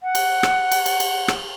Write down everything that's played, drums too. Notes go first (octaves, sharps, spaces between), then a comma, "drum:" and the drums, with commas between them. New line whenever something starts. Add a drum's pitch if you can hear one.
F#5
drum: cymbal
drum: rim click
drum: cymbal
drum: cymbal
drum: cymbal
drum: rim click